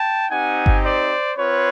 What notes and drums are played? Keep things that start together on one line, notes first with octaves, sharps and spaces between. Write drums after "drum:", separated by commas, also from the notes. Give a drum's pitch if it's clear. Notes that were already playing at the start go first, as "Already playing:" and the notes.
Already playing: G5 A5
C4 D#4 G4 F#5 G#5
drum: kick G1
C5 D5
C4 F4 B4 C#5